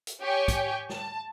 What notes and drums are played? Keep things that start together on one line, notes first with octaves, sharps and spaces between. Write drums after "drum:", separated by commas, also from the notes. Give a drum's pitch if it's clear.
drum: hi-hat
G4 C#5 G5 G#5 C#6
drum: kick, hi-hat
A5, drum: snare